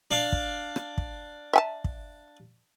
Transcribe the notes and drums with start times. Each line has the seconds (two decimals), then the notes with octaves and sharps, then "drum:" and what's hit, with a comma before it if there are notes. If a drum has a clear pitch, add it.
0.11 D4 F5
0.32 drum: kick
0.76 drum: rim click
0.98 drum: kick
1.53 E5 G#5 A5
1.84 drum: kick